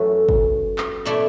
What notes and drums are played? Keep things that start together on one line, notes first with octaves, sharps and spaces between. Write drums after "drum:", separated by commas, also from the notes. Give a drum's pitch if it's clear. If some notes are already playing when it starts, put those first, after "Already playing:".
Already playing: F#2 E3 A3 C#4
drum: kick
drum: clap
B2 A3 E4 D5